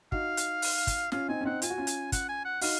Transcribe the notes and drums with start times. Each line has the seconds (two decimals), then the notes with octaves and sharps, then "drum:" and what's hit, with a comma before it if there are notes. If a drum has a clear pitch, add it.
0.12 D#4 F#4 F5, drum: kick
0.37 drum: hi-hat
0.62 drum: open hi-hat
0.87 drum: kick, hi-hat
1.12 C#4 F4 F5, drum: snare
1.29 C4 D#4 G#5
1.41 C#4
1.45 C4 D#4 F#5
1.62 F4 G#5, drum: hi-hat
1.70 F#4
1.78 C#4 F4
1.87 drum: hi-hat
2.12 F#5, drum: kick, hi-hat
2.28 G#5
2.45 F#5
2.61 D#4 F#4 F5, drum: open hi-hat